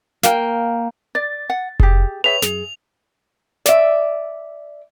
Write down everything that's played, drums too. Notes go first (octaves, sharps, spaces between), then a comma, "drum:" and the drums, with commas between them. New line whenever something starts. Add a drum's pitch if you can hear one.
A#3 G5, drum: snare
D5 A6
F#5
G4 G#4, drum: kick F1
G#4 B4 C#5 E5 G5 F7
F#2 G#4, drum: snare
D5 E5, drum: snare